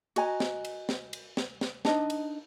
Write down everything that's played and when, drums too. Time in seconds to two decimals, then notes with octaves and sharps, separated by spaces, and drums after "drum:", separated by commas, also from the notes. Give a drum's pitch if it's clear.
0.16 F#4 D#5 G#5 A#5, drum: cymbal
0.40 drum: snare
0.65 drum: cymbal
0.89 drum: snare
1.13 drum: cymbal
1.37 drum: snare
1.61 drum: snare
1.85 D4 D#4 D#5, drum: snare
2.10 drum: cymbal